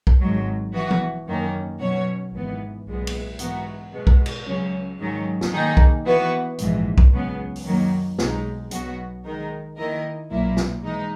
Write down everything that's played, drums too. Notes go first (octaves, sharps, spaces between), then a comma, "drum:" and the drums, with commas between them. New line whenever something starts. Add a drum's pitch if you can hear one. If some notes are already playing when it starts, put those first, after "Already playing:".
drum: kick
G#1 G#2 F#3
E3 B3 F#4
drum: tom
F#2 D#3 A#3 C#4
B2 F#3 C#4 F#4 C#5
G#1 G#2 E3 B3
B1 A#2 G#3 B3
drum: cymbal
G#2 E3 B3 F#4 A#4, drum: hi-hat
B2 G#3 B3
drum: kick
drum: cymbal
C#2 C#3 F#3 C#4
G#2 D#3 F#3 C#4
drum: snare
D#3 A#3 D#4 G#4
drum: kick
E3 B3 F#4 B4
A#1 G#2 E3, drum: hi-hat
drum: kick
C#2 C#3 F#3 B3
drum: open hi-hat
F#2 D#3 F#3 A#3
B1 B2 G#3 D#4, drum: snare
B1 B2 F#3 B3 F#4, drum: hi-hat
D#3 G#3 D#4 A#4
D#3 A#3 E4 A#4 D#5
B1 A#2 F#3 A#3 E4
drum: snare
E3 G#3 D#4